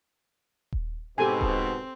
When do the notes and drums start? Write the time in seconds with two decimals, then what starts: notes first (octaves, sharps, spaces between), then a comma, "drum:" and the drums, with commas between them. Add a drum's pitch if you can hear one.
0.72 drum: kick D#1
1.18 G#2 B2 C4 G4 A4 G#5
1.41 drum: kick D#1